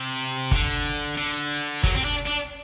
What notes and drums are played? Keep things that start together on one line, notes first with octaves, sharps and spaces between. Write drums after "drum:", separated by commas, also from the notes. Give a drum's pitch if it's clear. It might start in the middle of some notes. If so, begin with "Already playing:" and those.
Already playing: C3
D3, drum: kick G1
D3
F#3, drum: kick G1, open hi-hat
C4
D4
D4